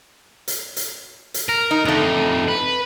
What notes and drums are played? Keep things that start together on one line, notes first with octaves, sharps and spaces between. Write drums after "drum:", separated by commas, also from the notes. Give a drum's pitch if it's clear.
drum: hi-hat
drum: hi-hat
drum: hi-hat
A#4
D#4
F2 D3 A3 D#4
B4